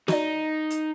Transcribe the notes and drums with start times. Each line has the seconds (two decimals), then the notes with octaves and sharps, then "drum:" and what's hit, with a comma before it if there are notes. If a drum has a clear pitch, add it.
0.08 D#4 F#4 D5, drum: snare
0.70 drum: hi-hat